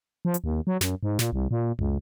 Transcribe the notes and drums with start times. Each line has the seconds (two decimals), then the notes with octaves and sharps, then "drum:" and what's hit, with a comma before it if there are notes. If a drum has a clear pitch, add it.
0.25 F3
0.34 drum: hi-hat
0.44 D#2
0.67 F#3
0.81 F#2, drum: snare
1.03 G#2
1.19 A#2, drum: snare
1.33 C2
1.51 A#2
1.79 C#2, drum: tom